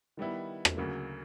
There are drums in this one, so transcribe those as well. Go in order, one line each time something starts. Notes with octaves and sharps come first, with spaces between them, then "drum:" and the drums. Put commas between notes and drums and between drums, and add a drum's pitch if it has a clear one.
D#3 G3 B3 E4
drum: rim click
D2 C#3 F#3 A#3